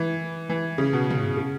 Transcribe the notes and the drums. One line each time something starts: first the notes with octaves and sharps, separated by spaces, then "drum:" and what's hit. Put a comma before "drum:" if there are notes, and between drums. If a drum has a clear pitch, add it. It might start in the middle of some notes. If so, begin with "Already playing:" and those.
Already playing: E3
E3
C#3
B2
drum: tom
C#3